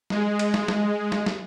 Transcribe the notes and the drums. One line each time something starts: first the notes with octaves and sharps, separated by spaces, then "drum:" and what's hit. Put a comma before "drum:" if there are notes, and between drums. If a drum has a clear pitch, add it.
G#3, drum: snare
drum: cymbal
drum: snare
drum: snare
drum: snare
drum: snare